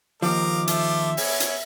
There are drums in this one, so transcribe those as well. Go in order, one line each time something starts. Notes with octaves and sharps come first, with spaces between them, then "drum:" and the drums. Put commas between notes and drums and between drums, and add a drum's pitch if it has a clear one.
D#2 F3 A#4 D#5 F5 D6
F4 A4 C5 E5, drum: hi-hat
B3 C#5 G#5, drum: open hi-hat
drum: hi-hat